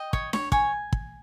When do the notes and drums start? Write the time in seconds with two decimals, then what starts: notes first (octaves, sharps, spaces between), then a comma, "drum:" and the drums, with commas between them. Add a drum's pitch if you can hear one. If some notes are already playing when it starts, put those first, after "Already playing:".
Already playing: D#5 G5
0.13 C#5, drum: kick
0.33 C#5, drum: snare D4
0.52 C#5 G#5, drum: kick
0.92 drum: kick